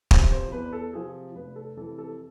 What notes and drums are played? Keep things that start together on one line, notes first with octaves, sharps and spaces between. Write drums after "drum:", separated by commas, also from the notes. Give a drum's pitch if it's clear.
C3 F3 C5, drum: kick
C5
E2 B4
A4
C3 F3 G#4
F1 B4
A4
F2 C3 E3 A4
A4